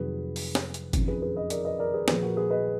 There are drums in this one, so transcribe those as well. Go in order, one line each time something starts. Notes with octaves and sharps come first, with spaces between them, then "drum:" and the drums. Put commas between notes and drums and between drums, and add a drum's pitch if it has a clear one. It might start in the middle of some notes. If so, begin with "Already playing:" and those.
Already playing: F1 F2 D#3 F#3 G#4 B4
drum: open hi-hat
drum: snare
drum: hi-hat
F#1 F2 D#3, drum: kick G1, hi-hat
G#4 B4
G#4 B4
B4 D#5
A#4 D5, drum: hi-hat
B4 D#5
A#4 D5
G#4 B4
A#1 A#2 F3 G#4 B4, drum: snare
F#4 A#4
G#4 B4
B4 D#5